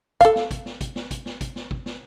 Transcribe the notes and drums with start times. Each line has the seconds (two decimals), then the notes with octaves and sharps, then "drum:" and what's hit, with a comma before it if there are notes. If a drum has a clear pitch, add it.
0.21 A4 F5, drum: kick, hi-hat
0.36 drum: snare
0.51 drum: kick, hi-hat
0.66 drum: snare
0.81 drum: kick, hi-hat
0.96 drum: snare
1.11 drum: kick, hi-hat
1.26 drum: snare
1.41 drum: kick, hi-hat
1.56 drum: snare
1.71 drum: kick
1.86 drum: snare